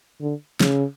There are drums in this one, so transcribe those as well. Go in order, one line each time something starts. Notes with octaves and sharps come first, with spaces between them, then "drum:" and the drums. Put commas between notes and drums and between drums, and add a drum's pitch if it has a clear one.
D3
C#3, drum: snare